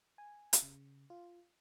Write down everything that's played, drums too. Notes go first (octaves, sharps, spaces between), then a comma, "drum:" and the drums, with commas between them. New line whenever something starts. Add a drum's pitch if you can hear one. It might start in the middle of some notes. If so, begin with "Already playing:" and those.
G#5
drum: hi-hat
C#3
F4